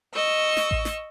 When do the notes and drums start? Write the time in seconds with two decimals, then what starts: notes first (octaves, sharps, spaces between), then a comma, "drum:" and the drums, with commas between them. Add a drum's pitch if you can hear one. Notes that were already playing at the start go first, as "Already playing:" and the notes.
0.14 D#5 C#6 E6
0.57 drum: snare
0.71 drum: kick A1
0.85 drum: snare